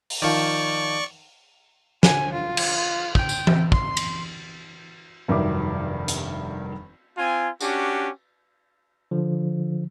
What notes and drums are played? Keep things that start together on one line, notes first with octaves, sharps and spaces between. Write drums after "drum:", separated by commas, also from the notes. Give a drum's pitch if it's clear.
drum: open hi-hat
D#3 F3 D5 C#6
G#5, drum: snare
F4
drum: cymbal
G5, drum: kick
drum: tambourine
drum: tom E3
C6, drum: kick
drum: cymbal
F1 G2 D#3 F#3 E5 D6
drum: hi-hat
C4 F4 G#5
C#4 D4 F#4 G4, drum: tambourine
D3 F3